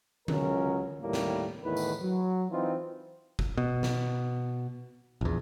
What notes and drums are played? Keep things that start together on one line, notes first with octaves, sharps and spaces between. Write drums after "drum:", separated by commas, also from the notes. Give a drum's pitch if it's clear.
C#2 F#3 C#4 A#4, drum: tom D3
D#2 A2 G3 A#3
drum: snare
E2 A2 D#3 B4
drum: tambourine
F#3
E3 C4 D#4 F4
drum: kick
B2
drum: snare
A#1 E2